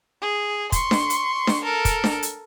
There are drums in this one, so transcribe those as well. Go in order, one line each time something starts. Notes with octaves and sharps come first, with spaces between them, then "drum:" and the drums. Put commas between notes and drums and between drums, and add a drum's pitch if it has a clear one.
G#4
C6 C#6, drum: kick, hi-hat
drum: snare D4
drum: hi-hat
drum: snare D4
A4 A#4
drum: kick, hi-hat
drum: snare D4
drum: hi-hat